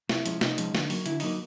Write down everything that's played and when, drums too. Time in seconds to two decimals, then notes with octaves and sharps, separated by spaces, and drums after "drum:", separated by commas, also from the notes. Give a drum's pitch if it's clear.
0.09 C3 E4, drum: snare
0.25 F3 G#3 C#4, drum: hi-hat
0.41 C3 D#4, drum: snare
0.58 F3 G#3 C#4, drum: hi-hat
0.75 D3, drum: snare
0.90 F#3 A#3, drum: open hi-hat
1.06 D3 E4, drum: hi-hat
1.20 F#3 A#3 D#4, drum: open hi-hat